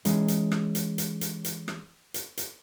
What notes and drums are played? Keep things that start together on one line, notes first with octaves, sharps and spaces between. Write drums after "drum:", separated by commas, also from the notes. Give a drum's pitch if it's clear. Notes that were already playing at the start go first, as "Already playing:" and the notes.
E3 G#3 C#4 D#4, drum: hi-hat
drum: hi-hat
drum: rim click
drum: hi-hat
drum: hi-hat
drum: hi-hat
drum: hi-hat
drum: rim click
drum: hi-hat
drum: hi-hat